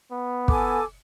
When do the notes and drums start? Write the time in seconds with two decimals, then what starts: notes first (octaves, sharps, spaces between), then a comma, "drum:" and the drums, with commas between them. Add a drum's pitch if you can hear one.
0.12 B3
0.48 A4 G#5 D6, drum: kick